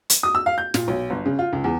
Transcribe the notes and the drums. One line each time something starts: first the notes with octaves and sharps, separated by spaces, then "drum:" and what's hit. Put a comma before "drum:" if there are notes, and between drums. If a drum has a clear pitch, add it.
drum: hi-hat
D#6
E6
F5
G6
A#2, drum: snare
B1
G1
C#3
F4
C#2
E2